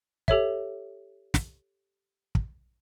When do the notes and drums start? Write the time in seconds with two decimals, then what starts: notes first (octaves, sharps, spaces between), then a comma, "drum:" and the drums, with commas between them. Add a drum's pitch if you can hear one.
0.28 G4 A4 C#5 E5, drum: kick
1.34 drum: snare
2.35 drum: kick